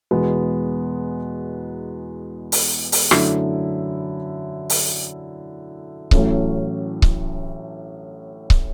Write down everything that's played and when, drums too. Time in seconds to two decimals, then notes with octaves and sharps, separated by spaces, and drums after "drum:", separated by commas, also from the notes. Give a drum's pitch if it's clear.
0.11 E2 B2 G#3 B3
2.52 drum: open hi-hat
2.92 drum: open hi-hat
3.11 F#2 D3 A3 E4, drum: rim click
4.70 drum: open hi-hat
6.11 A1 A2 F#3 A3 C#4, drum: kick C#1
7.02 drum: kick C#1
8.50 drum: kick C#1